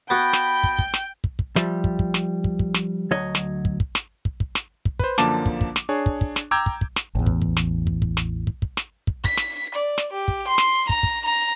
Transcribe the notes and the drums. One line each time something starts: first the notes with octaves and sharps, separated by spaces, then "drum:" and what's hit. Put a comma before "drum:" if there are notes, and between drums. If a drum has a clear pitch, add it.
B3 F#4 G5 B5
drum: snare
drum: kick
drum: kick
drum: snare
drum: kick
drum: kick
F3 G3 E5, drum: snare
drum: kick
drum: kick
drum: snare
drum: kick
drum: kick
drum: snare
D2 F#3 C#5 D#5
drum: snare
drum: kick
drum: kick
drum: snare
drum: kick
drum: kick
drum: snare
drum: kick
B4 C5, drum: kick
F#2 D3 F3 A#3 A5 D6, drum: snare
drum: kick
drum: kick
drum: snare
D4 G#4 C#5
drum: kick
drum: kick
drum: snare
G5 A#5 D6 E6 G6 G#6
drum: kick
drum: kick
drum: snare
A1 E2
drum: kick
drum: kick
drum: snare
drum: kick
drum: kick
drum: snare
drum: kick
drum: kick
drum: snare
drum: kick
B6, drum: kick
drum: snare
D5
drum: snare
G4
drum: kick
C6
drum: snare
A#5, drum: kick
drum: kick
A#5